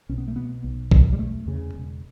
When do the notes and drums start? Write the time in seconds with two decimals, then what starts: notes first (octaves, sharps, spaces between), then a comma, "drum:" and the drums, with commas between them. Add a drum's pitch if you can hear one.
0.09 B1 C#4
0.18 B3
0.28 A3
0.36 B2 B3
0.64 B1
0.91 B2, drum: kick
1.13 G3
1.18 E1 A3
1.46 E2 C#3
1.74 E1